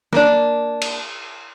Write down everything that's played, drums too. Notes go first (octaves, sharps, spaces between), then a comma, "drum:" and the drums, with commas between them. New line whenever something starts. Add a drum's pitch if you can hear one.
A#3 D4, drum: snare F#3
drum: cymbal